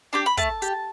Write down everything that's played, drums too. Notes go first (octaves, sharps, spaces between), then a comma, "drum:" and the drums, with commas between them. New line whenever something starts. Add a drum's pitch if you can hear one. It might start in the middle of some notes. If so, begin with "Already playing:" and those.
D4 G4 D6
B5
A3 A5, drum: kick, hi-hat
G4, drum: hi-hat